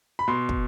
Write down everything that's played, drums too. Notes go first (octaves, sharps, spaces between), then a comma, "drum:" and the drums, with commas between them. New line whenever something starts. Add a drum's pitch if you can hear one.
B5
B2 C6
drum: kick